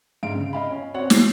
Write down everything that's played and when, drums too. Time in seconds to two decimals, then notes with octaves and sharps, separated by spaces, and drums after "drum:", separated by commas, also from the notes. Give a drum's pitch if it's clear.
0.23 G#2 D3 F5 D7
0.35 C#3
0.53 D#5 F5 B5
0.70 C#4
0.94 C4 F#4 C#5 D5 F#5
1.10 G#4 C7, drum: snare